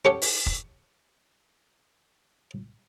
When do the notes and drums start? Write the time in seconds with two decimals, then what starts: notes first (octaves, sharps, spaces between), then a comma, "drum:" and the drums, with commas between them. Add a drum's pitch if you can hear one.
0.05 C#4 G4 A4 C#5 F#5
0.22 drum: open hi-hat
0.46 drum: kick F1